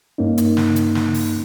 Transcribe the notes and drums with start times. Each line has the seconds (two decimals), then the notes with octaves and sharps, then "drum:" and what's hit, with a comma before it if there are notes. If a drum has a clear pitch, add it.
0.18 G2 A#3 C#4 D#4
0.38 drum: hi-hat
0.57 drum: snare
0.76 drum: hi-hat
0.95 drum: snare
1.14 drum: open hi-hat